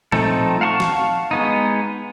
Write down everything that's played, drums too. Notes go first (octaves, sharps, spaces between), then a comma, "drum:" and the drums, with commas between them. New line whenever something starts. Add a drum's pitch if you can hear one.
F3 A3 C4 D#4 A4, drum: tom A#2
F5 F#5 A5 C6 C#6
drum: snare
G#3 B3 D#4